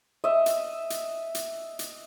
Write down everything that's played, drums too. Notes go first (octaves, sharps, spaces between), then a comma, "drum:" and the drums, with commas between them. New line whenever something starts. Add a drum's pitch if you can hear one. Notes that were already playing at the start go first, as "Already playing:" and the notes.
D#5 E5
drum: hi-hat
drum: hi-hat
drum: hi-hat
drum: hi-hat